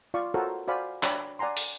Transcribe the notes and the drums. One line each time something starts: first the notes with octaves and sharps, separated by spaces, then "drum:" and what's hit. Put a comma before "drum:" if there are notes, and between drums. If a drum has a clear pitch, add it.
F4 D5 F5 C#6
F4 F#4 A4 A#4 C5 C#5
F#4 C5 D5 F5 G#5 B5
D4 C#5 D5 G5 B5, drum: clap
D5 F#5 G#5 A#5 C6
drum: open hi-hat